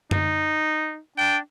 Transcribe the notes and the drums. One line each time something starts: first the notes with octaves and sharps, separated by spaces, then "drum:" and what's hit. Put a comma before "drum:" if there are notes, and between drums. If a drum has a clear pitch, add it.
D#4, drum: tom F#2
D4 G5